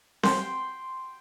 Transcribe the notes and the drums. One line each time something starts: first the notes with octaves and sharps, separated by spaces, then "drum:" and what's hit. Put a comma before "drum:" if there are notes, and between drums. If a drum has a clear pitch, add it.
G5 C6, drum: snare C4